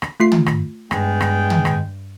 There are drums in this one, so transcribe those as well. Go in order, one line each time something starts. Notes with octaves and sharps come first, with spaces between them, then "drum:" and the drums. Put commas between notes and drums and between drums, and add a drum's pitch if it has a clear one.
drum: rim click
A3 F4 C7
drum: tom
drum: rim click
G2 G#3 B3 G5, drum: rim click
drum: rim click
drum: tom
drum: rim click